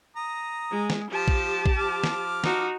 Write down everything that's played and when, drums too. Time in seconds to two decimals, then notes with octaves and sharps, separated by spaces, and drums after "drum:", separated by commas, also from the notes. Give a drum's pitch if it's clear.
0.16 A#5 D#6
0.71 G#3
0.90 drum: snare
1.10 F3 G4 A5
1.28 drum: kick A#1
1.66 drum: kick A#1
1.78 F3 D6 F6
2.04 drum: snare
2.44 D#4 F#4, drum: snare